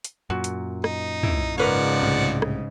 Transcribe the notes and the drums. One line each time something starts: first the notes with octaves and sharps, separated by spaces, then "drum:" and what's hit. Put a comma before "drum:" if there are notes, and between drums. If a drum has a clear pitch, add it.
drum: hi-hat
F#2 A#2 F#4
drum: hi-hat
D#4, drum: rim click
E4, drum: tom
G#2 C#3 F3 A#4 B4 C#5 D5 F#5
C2 A2 C3
drum: rim click